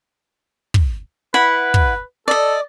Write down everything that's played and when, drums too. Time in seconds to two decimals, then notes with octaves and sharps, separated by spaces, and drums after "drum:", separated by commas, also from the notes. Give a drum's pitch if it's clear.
0.74 drum: kick
1.34 E4 B4 F#5 B5
1.74 drum: kick
2.28 A4 D5 D#5